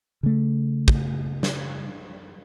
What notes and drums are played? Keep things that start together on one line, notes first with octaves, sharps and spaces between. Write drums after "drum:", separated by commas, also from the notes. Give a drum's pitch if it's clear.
C#3 A3
drum: kick
drum: snare